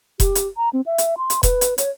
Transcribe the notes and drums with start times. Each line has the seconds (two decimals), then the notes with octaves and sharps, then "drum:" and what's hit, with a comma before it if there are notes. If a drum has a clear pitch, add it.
0.20 G4, drum: kick E1, hi-hat
0.35 drum: hi-hat
0.57 A#5
0.73 C4
0.86 E5
0.98 drum: hi-hat
1.17 C6
1.30 drum: hi-hat
1.43 B4, drum: kick E1, hi-hat
1.61 drum: hi-hat
1.78 C#5, drum: hi-hat